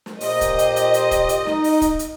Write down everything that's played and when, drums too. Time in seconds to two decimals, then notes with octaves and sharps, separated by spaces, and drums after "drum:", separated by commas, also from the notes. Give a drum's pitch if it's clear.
0.06 drum: snare
0.21 A#2 G4 C5 D#5, drum: open hi-hat
0.41 drum: kick, hi-hat
0.59 drum: hi-hat
0.76 drum: hi-hat
0.94 drum: hi-hat
1.11 drum: kick, hi-hat
1.29 drum: hi-hat
1.46 D#4, drum: snare
1.64 drum: open hi-hat
1.82 drum: kick, hi-hat
1.99 drum: hi-hat